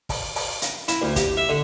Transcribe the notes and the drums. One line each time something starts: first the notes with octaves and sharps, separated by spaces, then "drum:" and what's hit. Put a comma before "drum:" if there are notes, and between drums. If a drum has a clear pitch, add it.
drum: kick, open hi-hat
drum: open hi-hat
drum: hi-hat
E4, drum: hi-hat
D2
G4, drum: kick, hi-hat
E5
D3